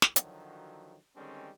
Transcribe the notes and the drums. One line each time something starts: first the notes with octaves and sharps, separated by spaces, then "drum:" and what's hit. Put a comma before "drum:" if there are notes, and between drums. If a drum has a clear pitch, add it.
drum: snare
D3 D#3 F3 F#3, drum: hi-hat
D3 D#3 G3 G#3 C4 C#4